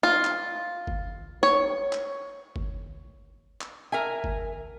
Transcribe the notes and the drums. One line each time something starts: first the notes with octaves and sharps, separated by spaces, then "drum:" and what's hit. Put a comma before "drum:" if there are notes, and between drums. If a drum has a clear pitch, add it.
F4
drum: clap
drum: kick G1
C#5
drum: clap
drum: kick G1
drum: clap
A#4 E5 G#5
drum: kick G1